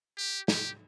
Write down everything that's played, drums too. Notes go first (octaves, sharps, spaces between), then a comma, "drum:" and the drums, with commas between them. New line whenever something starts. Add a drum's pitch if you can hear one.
G4
G4, drum: snare